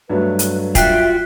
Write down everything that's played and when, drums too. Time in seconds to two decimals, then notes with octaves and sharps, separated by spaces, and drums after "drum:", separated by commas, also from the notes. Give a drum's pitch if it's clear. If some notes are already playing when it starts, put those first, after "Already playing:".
0.10 G2 F#3 A3 B4
0.39 drum: hi-hat
0.75 F4 F#4 E5 G5 F#6 B6 C7, drum: kick, hi-hat